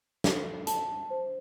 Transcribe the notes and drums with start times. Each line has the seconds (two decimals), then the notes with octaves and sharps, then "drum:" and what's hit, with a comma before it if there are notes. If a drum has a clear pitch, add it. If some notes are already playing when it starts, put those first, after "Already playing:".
0.24 A4, drum: snare
0.67 A5, drum: hi-hat
1.10 C5